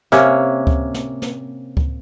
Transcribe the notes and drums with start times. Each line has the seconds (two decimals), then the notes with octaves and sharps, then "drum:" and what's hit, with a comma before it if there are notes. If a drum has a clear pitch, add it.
0.12 C3 A#3 C#4, drum: snare
0.67 drum: kick C#2
0.94 drum: snare
1.22 drum: snare
1.77 drum: kick C#2